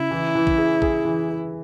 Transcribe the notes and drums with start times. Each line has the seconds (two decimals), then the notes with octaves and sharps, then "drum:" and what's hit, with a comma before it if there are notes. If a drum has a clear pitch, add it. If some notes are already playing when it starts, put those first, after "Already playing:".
Already playing: C#3 E4
0.11 E3
0.35 E3
0.47 drum: kick
0.58 G#4
0.82 G#4, drum: kick
1.05 E3
1.30 G#4